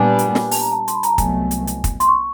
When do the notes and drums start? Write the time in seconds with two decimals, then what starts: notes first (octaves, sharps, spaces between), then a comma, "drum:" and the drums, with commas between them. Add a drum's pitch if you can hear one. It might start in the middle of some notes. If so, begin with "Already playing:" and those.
Already playing: A#2 G3 B3 D4 G#5
0.19 drum: hi-hat
0.35 drum: snare
0.51 A5, drum: open hi-hat
0.61 A#5
0.72 A5
0.88 C6, drum: hi-hat
0.95 B5
1.03 A#5, drum: hi-hat
1.10 A5
1.18 C2 B2 F#3 A3 G#5, drum: kick, hi-hat
1.51 drum: hi-hat
1.67 drum: hi-hat
1.84 drum: kick, hi-hat
2.00 C6, drum: hi-hat
2.08 C#6